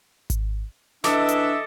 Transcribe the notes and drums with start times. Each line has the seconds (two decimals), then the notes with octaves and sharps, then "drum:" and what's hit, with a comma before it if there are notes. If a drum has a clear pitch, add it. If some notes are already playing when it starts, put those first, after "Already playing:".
0.30 drum: kick G#1, hi-hat
1.04 E3 D4 A4 D#5 E5 D6, drum: snare
1.28 drum: hi-hat